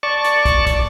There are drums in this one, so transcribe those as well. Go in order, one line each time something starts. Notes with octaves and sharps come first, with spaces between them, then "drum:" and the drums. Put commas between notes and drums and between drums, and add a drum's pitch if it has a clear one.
D5 A5 C#6
drum: hi-hat
drum: kick, hi-hat
drum: kick, hi-hat